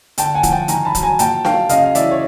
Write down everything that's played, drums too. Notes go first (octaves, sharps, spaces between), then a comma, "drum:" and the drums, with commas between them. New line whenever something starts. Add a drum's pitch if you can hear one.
D3 G5 A5, drum: hi-hat
F#5 G#5
F3, drum: kick, hi-hat
G5 A5
D#3 G#5 A#5, drum: hi-hat
A5 B5
F#3, drum: kick, hi-hat
G#5 A#5
A#2 G5 A5, drum: hi-hat
F#3 F5 G5, drum: snare D4
C#3 D#5 F5, drum: hi-hat
F5
E3 D5 E5, drum: hi-hat
C#5